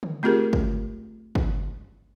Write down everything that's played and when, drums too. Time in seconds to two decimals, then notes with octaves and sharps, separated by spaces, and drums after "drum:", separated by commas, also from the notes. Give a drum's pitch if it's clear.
0.03 drum: tom D3
0.23 A3 C4 F4 G4 G#4 A#4
0.53 drum: kick
1.35 drum: kick